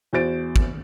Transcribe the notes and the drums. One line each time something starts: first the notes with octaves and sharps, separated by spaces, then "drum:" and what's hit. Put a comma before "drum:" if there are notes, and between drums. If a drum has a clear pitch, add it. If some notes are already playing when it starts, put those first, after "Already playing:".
E2 F#4 C5 A6 D7
drum: kick